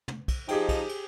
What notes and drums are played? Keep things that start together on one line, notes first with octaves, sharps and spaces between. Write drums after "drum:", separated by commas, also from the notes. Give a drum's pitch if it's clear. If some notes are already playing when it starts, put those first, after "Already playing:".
drum: tom
drum: kick, cymbal
F3 D#4 G4 G#4 G5, drum: cymbal
drum: kick, cymbal
drum: cymbal